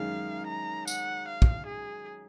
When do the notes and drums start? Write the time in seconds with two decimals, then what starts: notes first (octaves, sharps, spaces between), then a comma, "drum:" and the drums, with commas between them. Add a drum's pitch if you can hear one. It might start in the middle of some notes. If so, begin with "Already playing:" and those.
Already playing: F#2 D#3 G#3 F5
0.47 A#5
0.88 F#5, drum: tambourine
1.27 F5
1.42 drum: kick
1.66 G#4